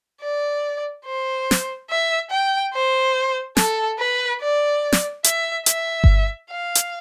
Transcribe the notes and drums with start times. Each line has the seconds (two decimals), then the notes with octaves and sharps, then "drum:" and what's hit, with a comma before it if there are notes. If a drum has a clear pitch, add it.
0.21 D5
1.06 C5
1.51 drum: snare
1.90 E5
2.31 G5
2.73 C5
3.57 A4, drum: snare
3.99 B4
4.41 D5
4.92 drum: snare
5.24 E5, drum: hi-hat
5.66 E5, drum: hi-hat
6.04 drum: kick G1
6.50 F5
6.75 drum: hi-hat